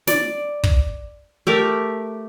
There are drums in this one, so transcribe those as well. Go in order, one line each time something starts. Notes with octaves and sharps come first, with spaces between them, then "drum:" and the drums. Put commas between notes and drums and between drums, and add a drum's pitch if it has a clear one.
D5, drum: snare
drum: kick
A3 G4 A#4